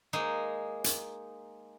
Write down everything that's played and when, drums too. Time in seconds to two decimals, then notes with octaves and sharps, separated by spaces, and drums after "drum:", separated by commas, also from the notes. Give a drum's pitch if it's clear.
0.13 G#3 A#3 D#4
0.84 drum: hi-hat